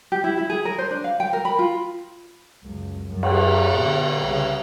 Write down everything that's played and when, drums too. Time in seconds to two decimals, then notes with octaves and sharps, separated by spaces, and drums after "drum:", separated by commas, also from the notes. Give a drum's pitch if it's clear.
0.12 G4
0.24 E4
0.37 E4
0.50 G#4
0.65 A#4
0.78 C5
0.91 D4
1.04 F5
1.20 G5
1.33 A#4
1.45 B5
1.59 F4
2.63 C#2 F#2
3.09 F#2
3.23 drum: cymbal
3.72 B2 D3
4.22 C2 C#3